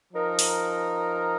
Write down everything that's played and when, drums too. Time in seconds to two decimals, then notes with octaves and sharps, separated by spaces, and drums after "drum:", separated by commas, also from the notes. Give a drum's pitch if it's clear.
0.13 F3 D#4 A#4
0.39 drum: open hi-hat